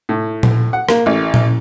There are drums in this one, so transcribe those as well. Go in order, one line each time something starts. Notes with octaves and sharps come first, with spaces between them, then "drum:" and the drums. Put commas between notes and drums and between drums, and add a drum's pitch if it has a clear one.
A2
drum: tom A#2
F#5
A#3, drum: rim click
A1
drum: tom A#2